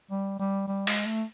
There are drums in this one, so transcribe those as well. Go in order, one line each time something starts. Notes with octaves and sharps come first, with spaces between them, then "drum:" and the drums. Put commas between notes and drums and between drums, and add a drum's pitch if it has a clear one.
G3
G3
G3
G#3, drum: open hi-hat
A3